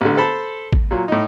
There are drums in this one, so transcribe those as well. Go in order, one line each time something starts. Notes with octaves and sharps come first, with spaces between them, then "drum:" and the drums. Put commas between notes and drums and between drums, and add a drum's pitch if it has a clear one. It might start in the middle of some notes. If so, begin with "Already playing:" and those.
A1 D3
A4 C5 A5 B5
drum: kick A1
A#2 F#3
A2 D#4